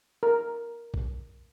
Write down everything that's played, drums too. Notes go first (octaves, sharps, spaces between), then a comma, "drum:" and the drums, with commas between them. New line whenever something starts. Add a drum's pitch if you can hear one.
A#4
drum: kick A#1